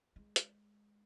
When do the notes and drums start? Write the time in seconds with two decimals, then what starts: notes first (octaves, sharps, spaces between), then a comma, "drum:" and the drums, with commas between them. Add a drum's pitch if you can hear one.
0.16 G#3
0.36 drum: hi-hat